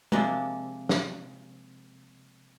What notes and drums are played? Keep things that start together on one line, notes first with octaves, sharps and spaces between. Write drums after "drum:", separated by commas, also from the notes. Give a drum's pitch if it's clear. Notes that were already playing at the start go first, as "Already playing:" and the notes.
C3 F3 G#3 A#3 D4, drum: tom
drum: snare